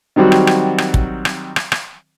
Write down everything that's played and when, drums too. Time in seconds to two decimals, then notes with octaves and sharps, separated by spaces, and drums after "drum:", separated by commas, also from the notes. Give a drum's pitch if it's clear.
0.16 D#3 F#3 G3 C4 F#4
0.32 drum: rim click
0.47 drum: rim click
0.78 drum: rim click
0.94 drum: kick
1.25 drum: rim click
1.56 drum: rim click
1.72 drum: rim click